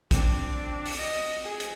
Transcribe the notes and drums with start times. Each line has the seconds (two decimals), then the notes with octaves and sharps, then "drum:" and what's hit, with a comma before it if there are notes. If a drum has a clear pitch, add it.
0.11 C4 D4, drum: kick A#1, hi-hat
0.86 drum: open hi-hat
0.98 D#5
1.44 G#4
1.60 drum: hi-hat